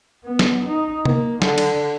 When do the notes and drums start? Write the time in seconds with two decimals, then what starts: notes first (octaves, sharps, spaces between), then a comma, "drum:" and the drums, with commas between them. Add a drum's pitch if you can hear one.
0.25 B3
0.39 drum: snare
0.66 D#4
1.05 A#3, drum: tom
1.42 D3, drum: snare
1.58 drum: cymbal